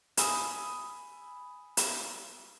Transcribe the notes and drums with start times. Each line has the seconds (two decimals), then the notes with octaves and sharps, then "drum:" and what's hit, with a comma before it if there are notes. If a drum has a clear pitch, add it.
0.17 G#5 B5 D#6 E6, drum: hi-hat
1.77 drum: hi-hat